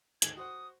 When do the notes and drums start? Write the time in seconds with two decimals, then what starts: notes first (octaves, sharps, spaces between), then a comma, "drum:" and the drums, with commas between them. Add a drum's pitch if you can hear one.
0.22 D2 G#2 D#3 G#6, drum: hi-hat
0.37 F#4 C5 F#5 D#6